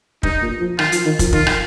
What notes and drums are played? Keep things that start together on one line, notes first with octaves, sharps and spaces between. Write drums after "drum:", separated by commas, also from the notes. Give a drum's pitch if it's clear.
G2 D#4, drum: kick
A#2
F3
D#3 F4, drum: rim click
F3, drum: hi-hat
D#3
F3, drum: kick, hi-hat
D#3 F4, drum: kick
drum: rim click